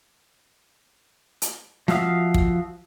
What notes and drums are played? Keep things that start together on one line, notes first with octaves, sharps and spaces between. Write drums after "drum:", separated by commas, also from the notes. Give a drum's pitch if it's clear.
drum: hi-hat
F3 F#4 E5 F5 D#6, drum: snare
drum: kick